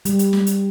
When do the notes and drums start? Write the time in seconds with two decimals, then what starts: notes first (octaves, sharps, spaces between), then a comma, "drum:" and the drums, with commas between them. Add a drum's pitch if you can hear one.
0.05 G3, drum: hi-hat
0.19 drum: hi-hat
0.33 drum: snare
0.47 drum: hi-hat